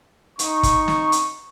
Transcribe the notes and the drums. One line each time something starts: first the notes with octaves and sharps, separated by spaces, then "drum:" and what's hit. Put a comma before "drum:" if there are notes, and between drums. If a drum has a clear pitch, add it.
D#4 C#6, drum: hi-hat
drum: kick, hi-hat
drum: snare
drum: hi-hat